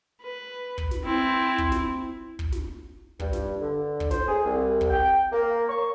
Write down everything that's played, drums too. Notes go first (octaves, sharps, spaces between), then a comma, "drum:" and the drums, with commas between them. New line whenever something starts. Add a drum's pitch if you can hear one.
B4
drum: kick
drum: snare
C4 E4
drum: kick
drum: snare
drum: kick
drum: snare
G2, drum: kick
drum: snare
D3
drum: kick
C5, drum: snare
G#4
C2
drum: kick
G5
A#3
C#6